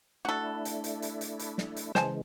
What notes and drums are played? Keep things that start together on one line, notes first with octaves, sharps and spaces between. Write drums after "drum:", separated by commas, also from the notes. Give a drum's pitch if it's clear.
A3 D4 E4 F#4 A4
drum: hi-hat
drum: hi-hat
drum: hi-hat
drum: hi-hat
drum: hi-hat
drum: snare
drum: hi-hat
C#3 E3 G#3 C5 G#5 A5, drum: snare